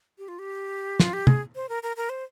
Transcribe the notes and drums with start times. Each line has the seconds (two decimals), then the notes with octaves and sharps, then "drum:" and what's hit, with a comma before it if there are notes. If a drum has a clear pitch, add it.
0.18 G4
0.28 F4
0.39 G4
1.00 F4, drum: snare
1.13 G4
1.27 G#4, drum: tom
1.55 C5
1.69 A#4
1.83 A#4
1.97 A#4
2.09 C5